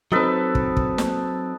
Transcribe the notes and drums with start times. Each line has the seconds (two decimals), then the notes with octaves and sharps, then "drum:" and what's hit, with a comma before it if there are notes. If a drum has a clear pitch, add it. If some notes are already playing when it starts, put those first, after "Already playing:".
0.12 F#3 C4 D#4 A4 B4
0.55 drum: kick
0.77 drum: kick
0.98 drum: snare